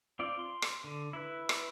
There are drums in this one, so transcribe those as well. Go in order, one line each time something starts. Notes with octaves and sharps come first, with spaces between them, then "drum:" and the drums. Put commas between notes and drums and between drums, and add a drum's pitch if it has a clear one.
C4 F4 D5
C6
drum: rim click
D3
E4 B4
drum: rim click